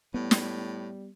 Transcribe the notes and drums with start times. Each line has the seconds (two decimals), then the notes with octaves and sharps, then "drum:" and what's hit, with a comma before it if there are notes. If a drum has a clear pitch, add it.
0.14 A2 G3 B3
0.31 drum: snare